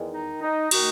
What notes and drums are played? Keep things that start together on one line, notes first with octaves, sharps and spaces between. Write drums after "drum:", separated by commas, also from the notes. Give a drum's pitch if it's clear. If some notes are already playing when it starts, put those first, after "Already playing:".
Already playing: E2 D#3 G#3
D#4
D#4
D#3 A3 D#4 F#4, drum: cymbal